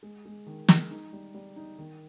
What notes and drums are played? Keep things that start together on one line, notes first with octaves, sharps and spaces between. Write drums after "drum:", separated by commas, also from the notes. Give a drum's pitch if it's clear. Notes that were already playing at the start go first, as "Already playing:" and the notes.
G#3
G#3
D#3
G#3, drum: snare
D#4
G3
G3
D#4
D#3